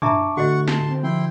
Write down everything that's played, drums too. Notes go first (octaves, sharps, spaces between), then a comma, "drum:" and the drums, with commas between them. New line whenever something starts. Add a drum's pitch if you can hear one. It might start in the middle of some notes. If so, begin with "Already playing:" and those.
D4 E5 A5 A#5 C#6 D6, drum: tom
A2 D3 F#4 D#5 F#5 C#6
A5 C6, drum: snare
C4
F3 E4 G5 C6